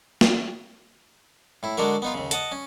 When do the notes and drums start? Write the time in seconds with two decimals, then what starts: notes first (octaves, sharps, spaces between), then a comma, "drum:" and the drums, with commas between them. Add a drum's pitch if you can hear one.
0.21 drum: snare
1.63 A2 E4
1.77 D3 G#3 D4 F#4 A#4
2.02 B3 D#4 F4
2.14 D#2 C#3
2.31 D#5 F#5 A5, drum: hi-hat
2.52 C#4